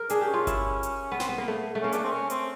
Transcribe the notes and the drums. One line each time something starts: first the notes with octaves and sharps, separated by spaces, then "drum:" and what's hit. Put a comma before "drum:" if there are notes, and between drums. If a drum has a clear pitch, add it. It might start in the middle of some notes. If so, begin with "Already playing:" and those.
Already playing: A#4
D4 G#4, drum: hi-hat
G4
C#4
F4
E4, drum: kick G1, hi-hat
drum: hi-hat
B3
C4, drum: snare
B3
A#3
A3
A3
A#3 C#4
A3 D4, drum: hi-hat
C4
C#4
C4, drum: hi-hat